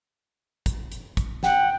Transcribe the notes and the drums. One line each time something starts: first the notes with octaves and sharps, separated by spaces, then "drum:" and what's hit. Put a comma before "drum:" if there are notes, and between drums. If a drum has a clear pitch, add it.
drum: kick, hi-hat
drum: hi-hat
drum: kick, hi-hat
F#5 G5, drum: snare